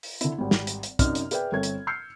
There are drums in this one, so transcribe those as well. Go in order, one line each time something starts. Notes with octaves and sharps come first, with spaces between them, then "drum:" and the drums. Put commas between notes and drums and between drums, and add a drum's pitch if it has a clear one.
drum: open hi-hat
D3 E4, drum: hi-hat
G#1 G3
drum: snare
drum: hi-hat
drum: hi-hat
F#2 C3 D#4 D5 F6, drum: kick, hi-hat
drum: hi-hat
G#4 B4 D5 E5 G5, drum: hi-hat
G1 C4 A4 C#5 G#6
drum: hi-hat
E6 F6 G6 C7 C#7